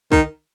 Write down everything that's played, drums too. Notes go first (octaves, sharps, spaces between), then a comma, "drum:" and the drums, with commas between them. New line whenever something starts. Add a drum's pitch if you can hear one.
D#3, drum: kick